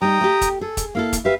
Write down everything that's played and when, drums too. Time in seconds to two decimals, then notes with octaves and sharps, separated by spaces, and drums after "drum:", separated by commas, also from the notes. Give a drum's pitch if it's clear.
0.01 G3 D#4 G5 A#5 D#6
0.21 A3 G4
0.41 drum: kick, hi-hat
0.61 G#4 A4
0.77 drum: kick, hi-hat
0.95 A#3 E4 A4 F5
1.13 drum: kick, hi-hat
1.25 G4 B4 E5 F5